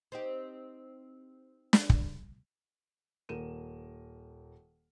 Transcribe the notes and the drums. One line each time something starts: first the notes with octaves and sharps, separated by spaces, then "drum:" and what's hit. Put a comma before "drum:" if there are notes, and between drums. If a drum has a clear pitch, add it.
C4 D#4 G4
drum: snare
drum: kick
D#1 A#4 D#7 E7